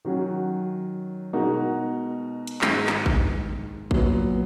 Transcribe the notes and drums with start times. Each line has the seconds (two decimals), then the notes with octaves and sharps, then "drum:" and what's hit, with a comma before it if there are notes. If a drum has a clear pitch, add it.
0.05 D#3 F#3 C#4 F#4
1.33 B2 G#3 D#4 F#4 A#4
2.47 drum: hi-hat
2.61 G#2 D#3 G#3, drum: clap
2.87 drum: clap
3.06 drum: kick A1
3.91 A#2 F#3 B3, drum: kick A1